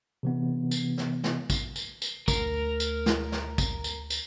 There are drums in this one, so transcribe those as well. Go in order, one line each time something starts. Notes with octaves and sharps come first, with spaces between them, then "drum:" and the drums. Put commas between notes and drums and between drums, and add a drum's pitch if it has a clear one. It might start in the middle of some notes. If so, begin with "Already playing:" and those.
C3 E3 B3
drum: tambourine
drum: snare
drum: snare
drum: kick, tambourine
drum: tambourine
drum: tambourine
D2 A3 A#4, drum: kick, tambourine
drum: tambourine
drum: snare
drum: snare
drum: kick, tambourine
drum: tambourine
drum: tambourine